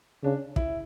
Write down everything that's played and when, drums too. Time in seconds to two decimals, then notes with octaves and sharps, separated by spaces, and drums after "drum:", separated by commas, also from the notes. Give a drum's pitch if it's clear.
0.24 C#3 D4
0.56 E4, drum: kick